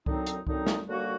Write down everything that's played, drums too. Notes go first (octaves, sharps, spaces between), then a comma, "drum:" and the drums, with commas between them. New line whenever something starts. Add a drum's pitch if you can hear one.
F#2 D3 F#3 C4 D#4, drum: kick C2
drum: hi-hat
F#2 D3 F#3 C4 D#4, drum: kick C2
drum: snare
D#2 D3 G3 A#3 F#4